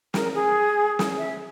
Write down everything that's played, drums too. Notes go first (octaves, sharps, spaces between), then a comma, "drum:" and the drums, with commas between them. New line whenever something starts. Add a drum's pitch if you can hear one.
A#4, drum: snare
G#4
drum: snare
E5